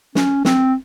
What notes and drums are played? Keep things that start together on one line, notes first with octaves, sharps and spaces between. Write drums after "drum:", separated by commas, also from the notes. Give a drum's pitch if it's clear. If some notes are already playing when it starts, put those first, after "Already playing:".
C#4, drum: snare
C4, drum: snare